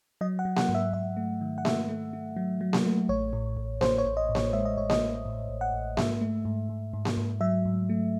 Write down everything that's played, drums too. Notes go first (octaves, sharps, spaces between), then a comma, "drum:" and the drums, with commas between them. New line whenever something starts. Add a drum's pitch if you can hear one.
F#3 D#5
F#5
F#3
F#5, drum: snare A#3
G#2
E5
G#2 E5
A3
D#3
F#5
A3 E5, drum: snare A#3
A3
A3
F#3
F#3
drum: snare A#3
A3
A1 C#5
A2
A1
A1 C5, drum: snare A#3
C#5
A1
D#5
A2
C#5, drum: snare A#3
G#3 E5
D#5
A1 C#5
D#5, drum: snare A#3
A1
A2
A1
F#5
A1
G#2 E5, drum: snare A#3
A3
G#2
G#2
G#2
drum: snare A#3
G#2
F#3 E5
G#2
A3